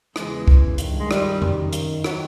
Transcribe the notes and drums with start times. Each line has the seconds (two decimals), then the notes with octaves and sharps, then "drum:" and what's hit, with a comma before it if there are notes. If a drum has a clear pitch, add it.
0.16 E2 C#3 E3 G#3, drum: rim click
0.48 drum: kick C2
0.78 G2 D#3, drum: hi-hat
0.99 G#3
1.11 G3, drum: rim click
1.42 F#2 D#3, drum: tom F2
1.73 drum: hi-hat
2.04 D#3 F#3, drum: rim click